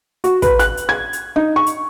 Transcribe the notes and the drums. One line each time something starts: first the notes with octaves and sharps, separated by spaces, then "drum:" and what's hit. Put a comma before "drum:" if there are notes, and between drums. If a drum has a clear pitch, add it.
F#4, drum: hi-hat
B4, drum: kick, hi-hat
F#6, drum: hi-hat
drum: hi-hat
G#6
drum: hi-hat
D#4
C#6
drum: hi-hat